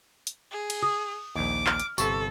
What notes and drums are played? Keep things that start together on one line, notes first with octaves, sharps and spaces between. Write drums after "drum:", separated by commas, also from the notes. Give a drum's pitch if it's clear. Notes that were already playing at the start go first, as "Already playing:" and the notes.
drum: hi-hat
G#4
drum: cymbal
D#6
A#1 D#2 D6
F6, drum: clap
drum: hi-hat
G1 C3 A4 C#6, drum: tambourine